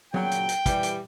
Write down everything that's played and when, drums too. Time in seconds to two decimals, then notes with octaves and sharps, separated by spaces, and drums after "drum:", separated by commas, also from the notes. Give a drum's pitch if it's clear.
0.14 A#2 C#3 F#3 G5, drum: tom
0.31 drum: hi-hat
0.49 drum: hi-hat
0.66 E3 G3, drum: kick, hi-hat
0.83 drum: hi-hat